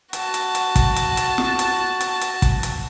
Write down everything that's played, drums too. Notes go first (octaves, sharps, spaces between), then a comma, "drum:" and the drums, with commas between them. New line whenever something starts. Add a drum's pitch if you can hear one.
F#4 A5, drum: hi-hat
drum: hi-hat
drum: hi-hat
drum: kick, hi-hat
drum: hi-hat
drum: hi-hat
drum: snare
drum: hi-hat
drum: hi-hat
drum: hi-hat
drum: kick, hi-hat
drum: hi-hat